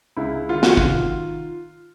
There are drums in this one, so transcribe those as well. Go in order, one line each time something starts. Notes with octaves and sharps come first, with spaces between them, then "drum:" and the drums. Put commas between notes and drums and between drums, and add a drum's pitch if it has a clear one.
C#2 E4
D#3 F4
F#4, drum: snare
F4, drum: kick